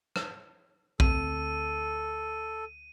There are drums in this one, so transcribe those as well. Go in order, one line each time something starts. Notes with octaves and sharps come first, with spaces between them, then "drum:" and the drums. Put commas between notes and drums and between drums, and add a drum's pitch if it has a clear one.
drum: rim click
D2 C4 A4 D#7, drum: kick B1